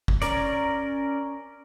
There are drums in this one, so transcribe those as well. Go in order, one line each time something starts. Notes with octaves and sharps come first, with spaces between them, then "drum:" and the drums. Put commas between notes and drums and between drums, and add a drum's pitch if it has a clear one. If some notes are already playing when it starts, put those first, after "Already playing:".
drum: kick
C#4 A#4 D5, drum: hi-hat